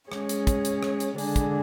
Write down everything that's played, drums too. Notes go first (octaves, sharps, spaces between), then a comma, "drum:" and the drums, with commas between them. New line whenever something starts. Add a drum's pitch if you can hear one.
G#3 C#4 G#4 C#5, drum: rim click
drum: hi-hat
drum: kick, hi-hat
drum: hi-hat
drum: rim click
drum: hi-hat
D3 G#3 D4 G#4, drum: open hi-hat
drum: kick, hi-hat